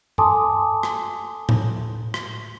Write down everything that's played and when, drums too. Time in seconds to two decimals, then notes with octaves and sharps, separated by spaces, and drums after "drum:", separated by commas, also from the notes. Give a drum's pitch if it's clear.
0.18 A4 G#5 A5 C6 D6 D#6, drum: tom G2
0.83 drum: rim click
1.49 drum: tom A2
2.14 drum: rim click